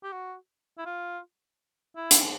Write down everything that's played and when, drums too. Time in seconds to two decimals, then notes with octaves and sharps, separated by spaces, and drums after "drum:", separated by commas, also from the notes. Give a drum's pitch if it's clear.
0.03 G4
0.12 F#4
0.78 E4
0.86 F4
1.96 E4
2.11 drum: hi-hat